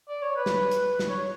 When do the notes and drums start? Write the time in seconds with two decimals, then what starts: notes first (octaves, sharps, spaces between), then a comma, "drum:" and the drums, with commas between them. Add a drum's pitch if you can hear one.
0.09 D5
0.22 C#5
0.36 B4
0.46 drum: snare
0.71 drum: hi-hat
0.99 drum: snare
1.09 C#5